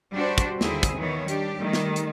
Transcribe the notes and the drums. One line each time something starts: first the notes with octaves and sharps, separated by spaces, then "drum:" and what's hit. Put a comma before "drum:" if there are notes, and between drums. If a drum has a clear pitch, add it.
G3 D4 F#4 B4 C5
drum: kick, hi-hat
D#2 D3 C4 E4 G#4 E5, drum: snare
drum: kick, hi-hat
D#3 E3 B3 C#5
G3 D4 G4, drum: hi-hat
D#3 G3 A3
drum: snare
drum: hi-hat